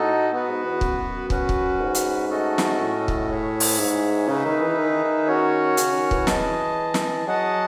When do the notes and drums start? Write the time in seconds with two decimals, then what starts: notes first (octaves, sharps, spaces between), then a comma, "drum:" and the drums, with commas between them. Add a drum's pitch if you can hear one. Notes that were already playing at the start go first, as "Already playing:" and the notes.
Already playing: A2 D#4 F#4 A4 D#5
0.31 B3 F#4 B4
0.48 G#2
0.64 E2
0.81 F#2, drum: kick
1.30 C#4 F#4 B4, drum: kick
1.49 drum: kick
1.80 G#2
1.95 drum: hi-hat
2.29 A3 C#4 F#4 A4 D#5
2.58 drum: snare
2.79 A2
3.08 drum: kick
3.29 G#4 C#5 E5
3.60 drum: open hi-hat
3.79 G#2
4.28 C#3 D#4 G#4 B4 E5
4.45 D#3
4.61 E3
4.77 D#3
5.03 D#3
5.27 C#4 F#4 C#5
5.77 C#3, drum: hi-hat
5.93 D#3
6.11 E3, drum: kick
6.27 G#4 D#5 A5, drum: snare
6.94 drum: snare
7.26 F#3 G#4 D#5 F#5 A5